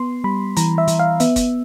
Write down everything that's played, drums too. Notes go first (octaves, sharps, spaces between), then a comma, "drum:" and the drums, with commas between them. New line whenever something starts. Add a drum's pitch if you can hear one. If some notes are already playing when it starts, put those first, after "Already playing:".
Already playing: B3 C6
G3 B5
E3 A#5, drum: hi-hat
E5
E3, drum: hi-hat
F5
B3 E5, drum: hi-hat
drum: kick F#1, hi-hat